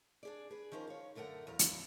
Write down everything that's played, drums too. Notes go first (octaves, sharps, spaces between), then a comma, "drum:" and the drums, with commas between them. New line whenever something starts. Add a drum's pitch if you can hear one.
D4 G#4 D5
G#4 B4
D#3 F3 C#4 A#4 C5
C#5 F5
F#2 D3 A3 A#4 F#5
E2 F#3 F5 A#5
drum: hi-hat